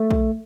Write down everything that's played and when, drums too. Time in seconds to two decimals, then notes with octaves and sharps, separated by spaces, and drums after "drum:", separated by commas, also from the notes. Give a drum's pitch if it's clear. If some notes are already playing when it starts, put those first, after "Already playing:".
Already playing: A3
0.11 drum: kick